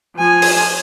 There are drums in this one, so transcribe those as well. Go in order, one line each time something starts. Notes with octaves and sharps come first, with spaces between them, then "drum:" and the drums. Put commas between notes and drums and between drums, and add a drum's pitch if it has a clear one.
F3 G#5
drum: open hi-hat